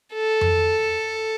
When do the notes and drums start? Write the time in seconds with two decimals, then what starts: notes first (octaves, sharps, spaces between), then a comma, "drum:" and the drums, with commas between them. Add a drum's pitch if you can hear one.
0.14 A4
0.41 drum: tom F2